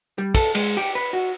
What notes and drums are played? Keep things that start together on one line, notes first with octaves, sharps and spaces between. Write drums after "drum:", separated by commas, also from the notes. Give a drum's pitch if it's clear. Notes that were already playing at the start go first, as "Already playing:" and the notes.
G3
A4, drum: kick, cymbal
G#3, drum: cymbal
G4
B4
F#4